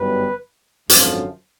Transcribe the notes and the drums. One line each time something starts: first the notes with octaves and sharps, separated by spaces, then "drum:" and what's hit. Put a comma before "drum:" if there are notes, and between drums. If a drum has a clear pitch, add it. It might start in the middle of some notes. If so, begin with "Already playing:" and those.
Already playing: G1 F#2 D#3 G3 B3 B4
G#1 F#2 D3 F3, drum: hi-hat